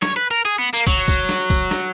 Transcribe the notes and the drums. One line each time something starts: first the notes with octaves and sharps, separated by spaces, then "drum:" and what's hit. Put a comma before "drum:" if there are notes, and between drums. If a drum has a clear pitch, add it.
C#5, drum: snare
B4
A#4
G#4
B3
A#3
F#3, drum: kick, tambourine
drum: kick, tambourine
drum: snare
drum: kick, tambourine
drum: snare